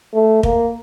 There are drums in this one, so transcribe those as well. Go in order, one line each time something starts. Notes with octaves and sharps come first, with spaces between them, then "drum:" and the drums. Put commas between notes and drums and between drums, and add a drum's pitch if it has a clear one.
A3
A#3, drum: kick